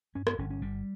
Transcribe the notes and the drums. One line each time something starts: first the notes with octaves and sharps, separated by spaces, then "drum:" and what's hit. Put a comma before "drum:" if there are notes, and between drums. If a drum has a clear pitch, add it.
G2 C#4
B3, drum: rim click
G1 C#4
C#4
G1 G3